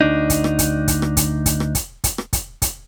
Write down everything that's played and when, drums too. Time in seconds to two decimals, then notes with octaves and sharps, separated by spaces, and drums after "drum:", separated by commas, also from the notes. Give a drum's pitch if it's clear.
0.01 D2 D4 D#4
0.30 drum: kick, hi-hat
0.44 drum: rim click
0.59 drum: kick, hi-hat
0.88 drum: kick, hi-hat
1.02 drum: rim click
1.17 drum: kick, hi-hat
1.46 drum: kick, hi-hat
1.60 drum: rim click
1.75 drum: kick, hi-hat
2.04 drum: kick, hi-hat
2.18 drum: rim click
2.33 drum: kick, hi-hat
2.62 drum: kick, hi-hat